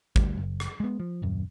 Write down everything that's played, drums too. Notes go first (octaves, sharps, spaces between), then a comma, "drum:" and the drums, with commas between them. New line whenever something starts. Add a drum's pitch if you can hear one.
D2 G3, drum: kick
F#1
drum: rim click
G#3 B3
F3
D#1 F#2